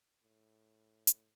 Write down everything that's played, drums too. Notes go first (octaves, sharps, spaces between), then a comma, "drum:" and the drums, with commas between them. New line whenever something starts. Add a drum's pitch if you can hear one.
A2
drum: hi-hat